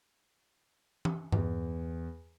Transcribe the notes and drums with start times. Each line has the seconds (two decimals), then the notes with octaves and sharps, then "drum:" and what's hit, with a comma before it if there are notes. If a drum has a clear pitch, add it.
1.05 drum: tom E3
1.32 E2, drum: tom G2